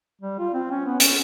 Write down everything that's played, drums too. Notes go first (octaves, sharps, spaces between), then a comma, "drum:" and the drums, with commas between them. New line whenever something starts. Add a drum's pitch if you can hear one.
G3
F4
C4
C#4
B3
C#4, drum: hi-hat